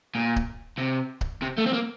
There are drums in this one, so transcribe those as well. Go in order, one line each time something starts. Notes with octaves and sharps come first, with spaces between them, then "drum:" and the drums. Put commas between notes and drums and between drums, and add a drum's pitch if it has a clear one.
A#2
drum: kick C#1
C3
drum: kick C#1
C3
A3
C4
A#3